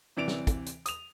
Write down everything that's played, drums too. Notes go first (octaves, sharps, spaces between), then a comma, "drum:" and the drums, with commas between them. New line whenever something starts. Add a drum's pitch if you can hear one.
C3 E3 D5 D7 F7
drum: snare
drum: kick, hi-hat
drum: hi-hat
D#6 F7, drum: hi-hat